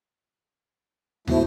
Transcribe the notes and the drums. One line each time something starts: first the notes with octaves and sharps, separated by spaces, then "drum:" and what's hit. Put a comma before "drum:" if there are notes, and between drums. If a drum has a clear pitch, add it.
G#2 A3 B3 E4 F#4 C5, drum: tom